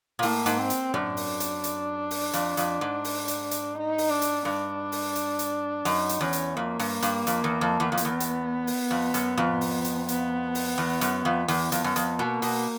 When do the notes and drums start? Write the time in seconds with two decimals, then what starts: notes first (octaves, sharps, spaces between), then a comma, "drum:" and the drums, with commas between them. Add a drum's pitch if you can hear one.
0.19 A#2
0.22 A2 A#3, drum: open hi-hat
0.46 G#2, drum: hi-hat
0.58 C4
0.70 drum: hi-hat
0.94 F#2 D4, drum: tom
1.17 drum: open hi-hat
1.40 drum: hi-hat
1.64 drum: hi-hat
2.11 drum: open hi-hat
2.33 F2, drum: hi-hat
2.57 F2, drum: hi-hat
2.81 G#2
3.04 drum: open hi-hat
3.28 drum: hi-hat
3.51 drum: hi-hat
3.75 D#4
3.98 drum: open hi-hat
4.09 D4
4.22 drum: hi-hat
4.45 G2 D4
4.92 drum: open hi-hat
5.15 drum: hi-hat
5.39 drum: hi-hat
5.85 F#2 D#4, drum: open hi-hat
6.09 drum: hi-hat
6.21 E2 C#4
6.33 drum: hi-hat
6.56 F2 A#3
6.79 G2, drum: open hi-hat
7.02 G2, drum: hi-hat
7.27 F2, drum: hi-hat
7.44 E2
7.61 F2
7.80 E2
7.92 F2
7.97 B3, drum: hi-hat
8.05 E2
8.20 drum: hi-hat
8.67 drum: open hi-hat
8.91 F2
9.14 F#2, drum: hi-hat
9.38 F2, drum: tom
9.61 drum: open hi-hat
9.84 drum: hi-hat
10.09 B3, drum: hi-hat
10.55 drum: open hi-hat
10.78 E2
11.01 F#2, drum: hi-hat
11.25 F2
11.48 E2 B3, drum: open hi-hat
11.72 F2, drum: hi-hat
11.84 F#2
11.96 F2, drum: hi-hat
12.19 B2 A#3
12.42 B2, drum: open hi-hat